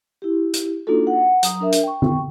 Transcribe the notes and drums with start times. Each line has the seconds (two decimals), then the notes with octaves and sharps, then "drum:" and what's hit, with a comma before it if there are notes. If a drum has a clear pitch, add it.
0.22 E4 G4
0.54 drum: hi-hat
0.87 A#3 D4 D#4 F4 F#4 A4
1.07 F#5
1.43 F#3 A#5 D#6, drum: hi-hat
1.60 D4 A#4 E5
1.72 drum: hi-hat
1.83 G5 C#6
2.02 drum: tom